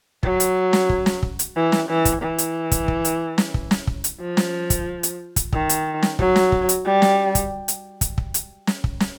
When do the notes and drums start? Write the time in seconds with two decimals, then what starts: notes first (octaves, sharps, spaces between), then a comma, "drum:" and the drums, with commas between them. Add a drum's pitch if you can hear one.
0.23 F#3, drum: kick
0.40 drum: hi-hat
0.73 drum: snare
0.89 drum: kick
1.06 drum: snare
1.23 drum: kick
1.39 drum: hi-hat
1.56 E3
1.72 drum: snare
1.89 E3
2.05 drum: kick, hi-hat
2.22 E3
2.38 drum: hi-hat
2.72 drum: kick, hi-hat
2.88 drum: kick
3.05 drum: hi-hat
3.38 drum: snare
3.54 drum: kick
3.71 drum: snare
3.87 drum: kick
4.04 drum: hi-hat
4.21 F3
4.37 drum: snare
4.70 drum: kick, hi-hat
5.03 drum: hi-hat
5.36 drum: kick, hi-hat
5.53 D#3, drum: kick
5.69 drum: hi-hat
6.03 drum: snare
6.19 F#3, drum: kick
6.36 drum: snare
6.52 drum: kick
6.69 drum: hi-hat
6.85 G3
7.02 drum: snare
7.35 drum: kick, hi-hat
7.68 drum: hi-hat
8.01 drum: kick, hi-hat
8.18 drum: kick
8.34 drum: hi-hat
8.67 drum: snare
8.84 drum: kick
9.00 drum: snare